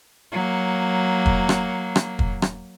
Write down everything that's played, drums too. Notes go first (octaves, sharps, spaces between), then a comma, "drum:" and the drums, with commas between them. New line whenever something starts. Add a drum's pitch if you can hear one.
F#3 A#3
drum: kick
drum: rim click
drum: rim click
drum: kick
drum: rim click